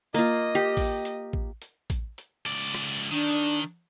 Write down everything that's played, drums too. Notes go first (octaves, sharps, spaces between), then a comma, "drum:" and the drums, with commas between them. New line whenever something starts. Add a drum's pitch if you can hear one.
A#3 F4 D#5
G4
drum: kick, open hi-hat
drum: hi-hat
drum: kick
drum: hi-hat
drum: kick, hi-hat
drum: hi-hat
C#2 D5, drum: hi-hat
drum: rim click
D#3 D4
drum: open hi-hat
drum: hi-hat